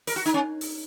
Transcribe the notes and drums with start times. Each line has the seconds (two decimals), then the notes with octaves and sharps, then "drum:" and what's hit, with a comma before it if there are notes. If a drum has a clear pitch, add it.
0.07 A#4, drum: open hi-hat
0.16 F#4
0.26 D#4, drum: hi-hat
0.34 C#4
0.61 drum: open hi-hat